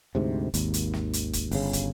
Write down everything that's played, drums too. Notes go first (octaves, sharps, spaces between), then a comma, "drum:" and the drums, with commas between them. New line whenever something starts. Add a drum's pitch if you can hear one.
D2 G#2 C3
G#1 D#2, drum: hi-hat
drum: hi-hat
drum: snare
drum: hi-hat
drum: kick, hi-hat
G1 C#3, drum: open hi-hat
drum: kick, hi-hat